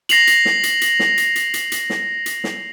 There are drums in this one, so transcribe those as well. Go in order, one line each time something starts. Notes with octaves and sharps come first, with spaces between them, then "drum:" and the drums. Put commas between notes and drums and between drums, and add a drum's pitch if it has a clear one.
A#6 C7 F7 F#7, drum: hi-hat
drum: hi-hat
drum: snare
drum: hi-hat
drum: hi-hat
drum: snare
drum: hi-hat
drum: hi-hat
drum: hi-hat
drum: hi-hat
drum: snare
drum: hi-hat
drum: snare